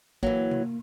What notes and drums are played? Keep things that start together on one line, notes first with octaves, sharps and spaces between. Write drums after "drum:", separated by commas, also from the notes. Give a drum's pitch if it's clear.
E3 F#3 A#3, drum: kick
drum: tom C3